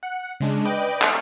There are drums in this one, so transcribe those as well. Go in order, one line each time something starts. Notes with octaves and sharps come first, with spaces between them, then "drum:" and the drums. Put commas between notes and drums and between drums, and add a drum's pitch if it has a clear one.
F#5
C#3 G#3 D4
B4 D5 D#5 G5
drum: clap